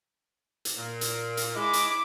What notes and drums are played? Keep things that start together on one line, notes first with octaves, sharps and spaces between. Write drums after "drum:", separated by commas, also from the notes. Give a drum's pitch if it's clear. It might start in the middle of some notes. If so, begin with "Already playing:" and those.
drum: hi-hat
A#2
drum: hi-hat
drum: hi-hat
G#3 E4 D6
drum: hi-hat